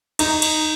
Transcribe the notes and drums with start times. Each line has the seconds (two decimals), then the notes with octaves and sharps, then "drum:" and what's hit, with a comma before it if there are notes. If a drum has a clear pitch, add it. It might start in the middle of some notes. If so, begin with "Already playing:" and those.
0.19 D#4, drum: cymbal
0.42 drum: cymbal